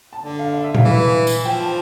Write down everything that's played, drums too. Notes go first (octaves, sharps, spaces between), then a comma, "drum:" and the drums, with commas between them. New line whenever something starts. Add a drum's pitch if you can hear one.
A5
D3
F5
F5
E5
F5, drum: tom A#2
E3
drum: tambourine
F3 G5
A5